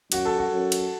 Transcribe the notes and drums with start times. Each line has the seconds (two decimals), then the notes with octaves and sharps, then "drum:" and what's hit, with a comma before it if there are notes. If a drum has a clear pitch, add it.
0.12 F#2 F#4, drum: cymbal
0.25 A4
0.38 F#4
0.52 F#2
0.72 drum: cymbal